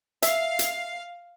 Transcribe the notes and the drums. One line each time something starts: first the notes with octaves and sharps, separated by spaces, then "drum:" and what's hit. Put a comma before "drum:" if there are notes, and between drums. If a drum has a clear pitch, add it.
E5 F5, drum: hi-hat
drum: hi-hat